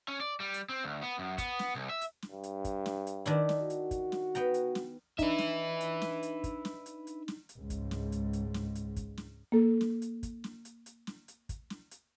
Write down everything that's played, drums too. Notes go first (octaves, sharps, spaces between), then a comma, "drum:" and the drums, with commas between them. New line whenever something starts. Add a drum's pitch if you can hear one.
C#4
D5
G3
drum: hi-hat
C4
D2
B3
F#2
B3, drum: kick, hi-hat
drum: snare
C2
E5
drum: hi-hat
drum: snare
G2
drum: hi-hat
drum: kick, hi-hat
drum: snare
drum: hi-hat
D#3 D4 E4, drum: hi-hat
drum: snare
F#4
drum: hi-hat
drum: kick, hi-hat
drum: snare
B3 G5 A#5, drum: hi-hat
drum: hi-hat
drum: snare
D4 D#4 B4 E5, drum: kick, hi-hat
drum: snare
drum: hi-hat
drum: snare
drum: hi-hat
drum: kick, hi-hat
drum: snare
drum: hi-hat
drum: hi-hat
drum: snare
drum: hi-hat
C#2 G#2
drum: kick, hi-hat
drum: snare
drum: hi-hat
drum: hi-hat
drum: snare
drum: hi-hat
drum: kick, hi-hat
drum: snare
A#3 A4
drum: snare
drum: hi-hat
drum: kick, hi-hat
drum: snare
drum: hi-hat
drum: hi-hat
drum: snare
drum: hi-hat
drum: kick, hi-hat
drum: snare
drum: hi-hat